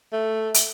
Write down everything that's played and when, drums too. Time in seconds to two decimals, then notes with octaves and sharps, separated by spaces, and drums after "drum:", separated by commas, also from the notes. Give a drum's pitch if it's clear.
0.13 A3
0.54 drum: hi-hat